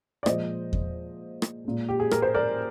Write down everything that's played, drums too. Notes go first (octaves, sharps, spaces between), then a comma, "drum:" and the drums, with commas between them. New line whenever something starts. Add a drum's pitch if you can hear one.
D5
A#2 F3 G#3 C5 D#5, drum: rim click
drum: kick E2
drum: rim click
A#2 G#3
G4
G#4
A#4, drum: rim click
C5
A#4 D5